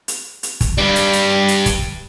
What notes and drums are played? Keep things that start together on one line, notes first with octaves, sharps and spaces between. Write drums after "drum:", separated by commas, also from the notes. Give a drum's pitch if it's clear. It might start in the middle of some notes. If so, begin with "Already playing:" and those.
drum: hi-hat
drum: hi-hat
drum: kick, hi-hat
G2 G3
drum: hi-hat
drum: hi-hat
drum: hi-hat
drum: kick, hi-hat